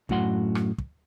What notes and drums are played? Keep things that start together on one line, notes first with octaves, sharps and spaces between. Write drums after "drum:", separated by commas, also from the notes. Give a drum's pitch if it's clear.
F#2 A2 F#4 F#5 C6, drum: kick
drum: rim click
drum: kick